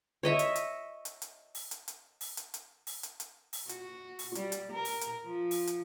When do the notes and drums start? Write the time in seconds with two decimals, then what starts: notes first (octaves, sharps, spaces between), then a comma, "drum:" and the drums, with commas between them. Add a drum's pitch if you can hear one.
0.23 C#5 D#5 E5
0.39 drum: hi-hat
0.56 drum: hi-hat
1.05 drum: hi-hat
1.22 drum: hi-hat
1.55 drum: open hi-hat
1.71 drum: hi-hat
1.88 drum: hi-hat
2.21 drum: open hi-hat
2.37 drum: hi-hat
2.54 drum: hi-hat
2.87 drum: open hi-hat
3.03 drum: hi-hat
3.20 drum: hi-hat
3.53 drum: open hi-hat
3.69 F#4, drum: hi-hat
4.19 drum: open hi-hat
4.35 G3, drum: hi-hat
4.52 drum: hi-hat
4.72 A#4
4.85 drum: open hi-hat
5.01 drum: hi-hat
5.26 F3
5.51 drum: open hi-hat
5.67 drum: hi-hat